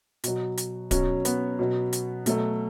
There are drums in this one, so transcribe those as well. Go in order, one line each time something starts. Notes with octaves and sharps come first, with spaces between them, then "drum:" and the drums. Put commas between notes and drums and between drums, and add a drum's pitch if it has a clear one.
B2 F#3, drum: hi-hat
drum: hi-hat
B2 F#3 C#4, drum: kick D1, hi-hat
B3, drum: hi-hat
B2 F#3
drum: hi-hat
B2 F#3 A3, drum: hi-hat